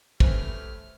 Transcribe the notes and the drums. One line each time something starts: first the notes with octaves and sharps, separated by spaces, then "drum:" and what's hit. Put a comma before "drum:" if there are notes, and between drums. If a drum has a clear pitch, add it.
D3 A3 C#4 G4 B4 C5 F6, drum: kick